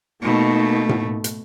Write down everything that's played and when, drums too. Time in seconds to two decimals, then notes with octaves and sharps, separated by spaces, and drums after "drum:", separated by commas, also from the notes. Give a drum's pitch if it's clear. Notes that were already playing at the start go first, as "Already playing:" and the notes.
0.22 B2 A3 A#3 D#4
0.89 drum: tom A2
1.24 drum: hi-hat